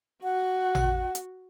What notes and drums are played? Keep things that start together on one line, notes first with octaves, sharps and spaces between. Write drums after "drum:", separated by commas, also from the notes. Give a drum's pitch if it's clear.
F#4 F#5
drum: tom A1
drum: hi-hat